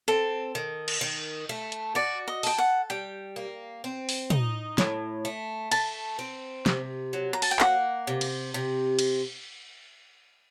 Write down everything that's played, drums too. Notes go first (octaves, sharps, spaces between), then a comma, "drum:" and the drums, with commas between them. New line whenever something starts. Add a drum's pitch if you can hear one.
C4 A4
D#3
drum: cymbal
D#3
A3
drum: hi-hat
F#4 D5
D#5
A4 G5, drum: open hi-hat
F#5
G3 G5
A#3
C4
drum: open hi-hat
D#4, drum: tom
A2, drum: snare
A3
A3 A5, drum: cymbal
C4
C3, drum: snare
F#3
A#5
A5, drum: open hi-hat
G5
A#3 F#5, drum: clap
C3
drum: cymbal
C3
drum: cymbal